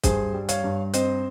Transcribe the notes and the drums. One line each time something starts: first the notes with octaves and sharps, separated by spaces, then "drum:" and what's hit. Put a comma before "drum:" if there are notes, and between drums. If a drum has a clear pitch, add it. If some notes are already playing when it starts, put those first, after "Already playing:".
G2 G#4 C5, drum: kick, hi-hat
G3
C#5 F5, drum: hi-hat
G2
C4 C5 D#5, drum: hi-hat